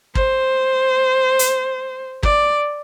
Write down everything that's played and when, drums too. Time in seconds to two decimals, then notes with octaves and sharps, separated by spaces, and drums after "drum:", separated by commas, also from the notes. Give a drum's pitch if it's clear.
0.15 C5, drum: kick
1.39 drum: hi-hat
2.23 D5, drum: kick